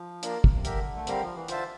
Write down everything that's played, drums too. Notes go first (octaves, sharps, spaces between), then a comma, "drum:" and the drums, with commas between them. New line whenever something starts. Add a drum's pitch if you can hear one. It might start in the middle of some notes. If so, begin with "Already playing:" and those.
Already playing: F3
A#3 D4 F4 A#4, drum: hi-hat
drum: kick
C3
D3 G4 A#4 E5, drum: hi-hat
A3
G3 C4 G4 A#4 F5, drum: hi-hat
F3
E3
D3 F4 C5 E5 A5, drum: hi-hat